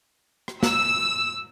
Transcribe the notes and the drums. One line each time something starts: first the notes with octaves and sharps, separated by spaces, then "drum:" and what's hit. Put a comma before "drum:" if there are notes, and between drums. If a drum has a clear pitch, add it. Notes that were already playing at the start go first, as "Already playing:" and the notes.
drum: rim click
E6, drum: snare